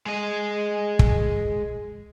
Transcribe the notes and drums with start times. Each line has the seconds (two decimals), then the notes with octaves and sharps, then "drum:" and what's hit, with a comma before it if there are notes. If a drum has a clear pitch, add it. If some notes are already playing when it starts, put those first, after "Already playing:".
0.06 G#3 D#5
0.99 drum: kick